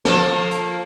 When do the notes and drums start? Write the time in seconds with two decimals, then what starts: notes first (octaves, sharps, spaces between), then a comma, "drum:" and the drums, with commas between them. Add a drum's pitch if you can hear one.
0.05 F3 A#3 A4, drum: snare
0.51 drum: hi-hat